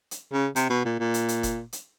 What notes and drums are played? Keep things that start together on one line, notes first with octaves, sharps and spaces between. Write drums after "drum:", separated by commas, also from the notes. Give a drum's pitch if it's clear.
drum: hi-hat
C#3
C3, drum: hi-hat
B2
A#2
A#2
drum: hi-hat
drum: hi-hat
drum: kick F1, hi-hat
drum: hi-hat